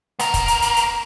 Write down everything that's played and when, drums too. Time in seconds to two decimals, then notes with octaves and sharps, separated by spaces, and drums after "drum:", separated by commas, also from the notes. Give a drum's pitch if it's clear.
0.19 B3 A#4, drum: hi-hat
0.34 drum: kick, hi-hat
0.48 drum: hi-hat
0.62 drum: hi-hat
0.76 drum: hi-hat